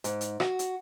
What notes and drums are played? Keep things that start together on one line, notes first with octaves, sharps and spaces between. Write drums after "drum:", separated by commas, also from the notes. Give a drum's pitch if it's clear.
G#2, drum: hi-hat
drum: hi-hat
F#4, drum: rim click
drum: hi-hat